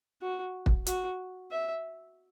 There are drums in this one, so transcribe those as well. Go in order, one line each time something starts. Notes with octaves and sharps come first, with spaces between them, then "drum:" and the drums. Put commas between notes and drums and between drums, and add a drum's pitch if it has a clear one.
F#4
drum: kick
F#4, drum: hi-hat
E5